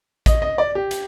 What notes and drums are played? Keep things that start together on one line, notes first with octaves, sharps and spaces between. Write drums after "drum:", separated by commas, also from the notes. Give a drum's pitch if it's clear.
D#5, drum: kick A1, hi-hat
D#5
D5
G4
drum: hi-hat